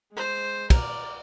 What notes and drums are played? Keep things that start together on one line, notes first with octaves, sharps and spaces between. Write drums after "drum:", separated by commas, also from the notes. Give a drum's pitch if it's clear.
G#3 C5
A#4 D5, drum: kick, cymbal